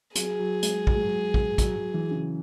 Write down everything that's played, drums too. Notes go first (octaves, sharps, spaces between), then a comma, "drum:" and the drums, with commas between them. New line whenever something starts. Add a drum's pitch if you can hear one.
F#3 G#4, drum: hi-hat
F#3
G#3, drum: hi-hat
F#3, drum: kick
G#3
F#3
drum: kick
F#3, drum: kick, hi-hat
F#3
E3
C#3